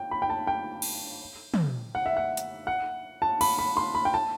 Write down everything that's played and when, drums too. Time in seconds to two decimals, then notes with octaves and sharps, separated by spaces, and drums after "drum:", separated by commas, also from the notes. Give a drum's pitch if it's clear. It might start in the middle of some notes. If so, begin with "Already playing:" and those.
Already playing: G5
0.11 B5
0.22 G5
0.30 A5
0.47 G5
0.82 drum: cymbal
1.54 drum: tom
1.95 F#5
2.06 E5
2.17 F#5
2.37 drum: hi-hat
2.67 F#5
3.22 A5
3.41 B5, drum: cymbal
3.59 B5
3.77 C6
3.95 B5
4.05 G5
4.14 A5